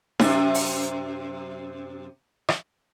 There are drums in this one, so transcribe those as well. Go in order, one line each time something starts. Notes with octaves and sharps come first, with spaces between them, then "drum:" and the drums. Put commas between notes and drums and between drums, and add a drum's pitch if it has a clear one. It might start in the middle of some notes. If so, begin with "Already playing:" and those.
F#2 C3, drum: snare D#4
drum: open hi-hat
drum: rim click